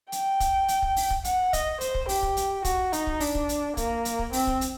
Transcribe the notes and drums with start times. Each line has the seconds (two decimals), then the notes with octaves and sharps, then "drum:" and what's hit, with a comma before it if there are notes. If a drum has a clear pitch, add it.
0.12 G5, drum: hi-hat
0.40 drum: kick, hi-hat
0.68 drum: hi-hat
0.82 drum: kick
0.96 drum: open hi-hat
1.10 drum: kick
1.24 F#5, drum: hi-hat
1.53 D#5, drum: kick, hi-hat
1.81 C5, drum: hi-hat
1.95 drum: kick
2.09 G4, drum: open hi-hat
2.23 drum: kick
2.37 drum: hi-hat
2.65 F#4, drum: kick, hi-hat
2.93 D#4, drum: hi-hat
3.07 drum: kick
3.20 D4, drum: open hi-hat
3.35 drum: kick
3.49 drum: hi-hat
3.77 A#3, drum: kick, hi-hat
4.05 drum: hi-hat
4.19 drum: kick
4.33 C4, drum: open hi-hat
4.47 drum: kick
4.61 drum: hi-hat